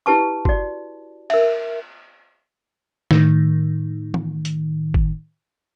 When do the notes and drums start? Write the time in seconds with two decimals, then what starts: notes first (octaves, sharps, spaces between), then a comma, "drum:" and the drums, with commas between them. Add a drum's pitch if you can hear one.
0.06 E4 G4 B4 A5 C#6
0.45 F#4 D5, drum: kick G1
1.30 A#4 E5, drum: cymbal
3.11 A2 D#3, drum: snare
4.14 drum: tom E3
4.45 drum: hi-hat
4.94 drum: kick G1